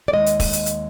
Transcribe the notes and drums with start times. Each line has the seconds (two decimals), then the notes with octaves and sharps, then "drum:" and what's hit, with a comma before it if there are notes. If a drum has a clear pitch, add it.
0.08 D5
0.13 D#2 D#3 G#3 D#5
0.26 drum: hi-hat
0.40 drum: kick, open hi-hat
0.53 drum: hi-hat
0.66 drum: hi-hat